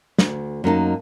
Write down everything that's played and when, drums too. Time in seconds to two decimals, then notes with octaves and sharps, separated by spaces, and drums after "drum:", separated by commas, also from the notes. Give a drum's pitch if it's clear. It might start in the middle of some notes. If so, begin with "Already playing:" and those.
0.19 D2, drum: snare
0.64 F#2 A#3 D#4 A5